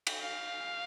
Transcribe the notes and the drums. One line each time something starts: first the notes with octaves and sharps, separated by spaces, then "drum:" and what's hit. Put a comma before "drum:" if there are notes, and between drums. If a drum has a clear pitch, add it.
drum: cymbal
F5